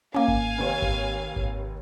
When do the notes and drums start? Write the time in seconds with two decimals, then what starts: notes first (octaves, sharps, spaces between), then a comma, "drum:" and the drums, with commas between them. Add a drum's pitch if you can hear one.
0.14 A#3 C#4 F5 G#5
0.28 drum: kick G#1
0.58 F1 D#2 C#5
0.82 drum: kick G#1
1.36 drum: kick G#1